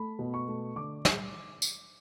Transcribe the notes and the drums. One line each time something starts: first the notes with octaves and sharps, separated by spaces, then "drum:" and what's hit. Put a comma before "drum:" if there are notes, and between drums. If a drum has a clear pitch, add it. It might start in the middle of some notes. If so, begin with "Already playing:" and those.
Already playing: A3 B5
B2
C#6
A3
D3 D6
drum: snare
drum: tambourine